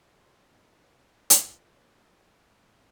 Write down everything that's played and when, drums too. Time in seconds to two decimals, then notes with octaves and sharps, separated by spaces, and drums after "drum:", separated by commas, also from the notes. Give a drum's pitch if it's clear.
0.21 C6
0.51 A2 D#3 F3 G#3 B3
0.77 C#4 F#4 B4 G#5 A#5
1.30 drum: hi-hat
1.47 F4 F#4 B4 C5 F5
1.74 F3 A#3 C#4 G4 B4
2.49 G#2